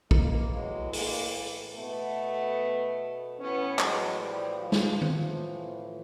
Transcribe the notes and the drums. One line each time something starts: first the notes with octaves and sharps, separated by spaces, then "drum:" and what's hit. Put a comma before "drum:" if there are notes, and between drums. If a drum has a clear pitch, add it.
A2 E3 G#3 A#3, drum: kick
F#3 G#3
G#3 A#3, drum: open hi-hat
B2 A3 B3
A2 E3 B3 C#4
F#3 G#3, drum: clap
F3 G3
F3
drum: snare
A2 E3 F3, drum: tom D#3